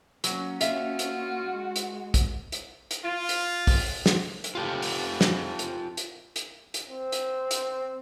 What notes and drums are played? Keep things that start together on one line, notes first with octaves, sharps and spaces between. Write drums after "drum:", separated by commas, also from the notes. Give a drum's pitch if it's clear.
F#3 A#3 C#4, drum: hi-hat
F4 F#4 E5 F5, drum: hi-hat
drum: hi-hat
G#3
drum: hi-hat
drum: kick, hi-hat
drum: hi-hat
drum: hi-hat
F4
drum: hi-hat
drum: kick, open hi-hat
drum: snare
drum: hi-hat
F4 G4 A4
drum: open hi-hat
drum: snare
drum: hi-hat
drum: hi-hat
drum: hi-hat
drum: hi-hat
C4
drum: hi-hat
drum: hi-hat